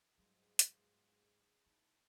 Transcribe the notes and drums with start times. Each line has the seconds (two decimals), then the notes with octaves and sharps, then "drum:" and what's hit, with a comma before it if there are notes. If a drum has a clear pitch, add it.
0.18 G#2 B2 F#3 G3 F4 G#4
0.59 drum: hi-hat
1.66 D#4 E4 A5